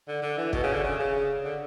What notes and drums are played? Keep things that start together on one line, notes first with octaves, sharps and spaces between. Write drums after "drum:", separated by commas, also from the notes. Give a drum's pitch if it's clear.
D3
D3
E3
B2, drum: kick
C#3
D3
C#3
C#3
D3